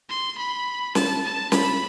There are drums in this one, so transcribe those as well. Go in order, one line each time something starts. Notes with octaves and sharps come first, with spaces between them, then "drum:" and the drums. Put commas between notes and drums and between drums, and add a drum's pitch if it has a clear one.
C6
B5
A5, drum: snare
A5
B5, drum: snare